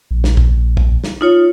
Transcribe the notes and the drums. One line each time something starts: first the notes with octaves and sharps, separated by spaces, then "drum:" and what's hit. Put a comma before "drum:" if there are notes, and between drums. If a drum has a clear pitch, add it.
A#1
drum: snare
drum: kick
drum: kick
drum: snare
D#4 F4 C#5